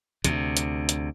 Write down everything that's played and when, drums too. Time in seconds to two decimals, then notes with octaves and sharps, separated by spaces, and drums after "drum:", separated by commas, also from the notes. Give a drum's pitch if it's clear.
0.24 D2 C3, drum: hi-hat
0.57 drum: hi-hat
0.89 drum: hi-hat